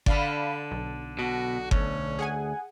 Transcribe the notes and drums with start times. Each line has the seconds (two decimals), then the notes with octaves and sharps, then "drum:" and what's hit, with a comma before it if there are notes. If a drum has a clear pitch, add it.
0.06 D3 A4 D5 F5 B5, drum: kick G1
0.71 B1
1.19 B2 F#4
1.71 D2 C#4, drum: kick G1
2.19 G#4 F#5 G#5